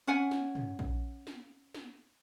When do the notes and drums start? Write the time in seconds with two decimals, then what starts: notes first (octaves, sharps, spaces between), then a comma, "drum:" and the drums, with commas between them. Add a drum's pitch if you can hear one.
0.07 C#4 F#5 G#5
0.31 drum: snare
0.55 drum: tom
0.79 drum: kick A#1
1.27 drum: snare
1.75 drum: snare